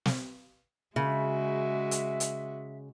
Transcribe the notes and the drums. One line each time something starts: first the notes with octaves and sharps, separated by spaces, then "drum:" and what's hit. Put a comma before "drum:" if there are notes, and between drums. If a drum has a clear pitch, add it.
drum: snare
C#3 G#3 F#4 E5
drum: hi-hat
drum: hi-hat